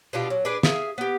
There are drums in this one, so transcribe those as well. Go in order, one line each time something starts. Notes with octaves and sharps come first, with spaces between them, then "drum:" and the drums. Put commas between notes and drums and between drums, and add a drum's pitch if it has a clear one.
B2 D4 F4 G4
F#3
D4 G#4 B4 D5
G#4 E5 F5, drum: snare
B3 G4